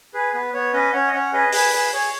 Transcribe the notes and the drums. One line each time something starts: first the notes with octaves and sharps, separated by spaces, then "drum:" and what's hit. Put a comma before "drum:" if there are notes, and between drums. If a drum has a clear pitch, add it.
G#4 B4
B3 B4
B3 C#5
C#4 B4 D#5
C#4 C#5 F#5
D#5
C#4 C#5 F#5
G#4 B4 D#5
G#4 B4, drum: open hi-hat
G#4
G#4 C#5